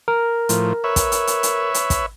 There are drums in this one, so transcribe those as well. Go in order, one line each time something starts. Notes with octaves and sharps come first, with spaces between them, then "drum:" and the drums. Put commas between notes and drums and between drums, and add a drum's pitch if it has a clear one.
A#4
A2 F3, drum: hi-hat
B4 C#5 E5
drum: kick, hi-hat
drum: hi-hat
drum: hi-hat
drum: hi-hat
drum: hi-hat
drum: kick, hi-hat